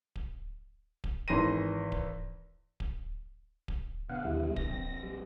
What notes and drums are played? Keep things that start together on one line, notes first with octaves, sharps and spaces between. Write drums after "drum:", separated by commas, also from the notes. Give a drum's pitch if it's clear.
drum: kick D1
drum: kick D1
G#1 E3 C6 A#6 D#7
drum: kick D1
drum: kick D1
drum: kick D1
B2 D3 F5 F#5
D#2 G3 E4
A#6, drum: kick D1
A#1 C4
G3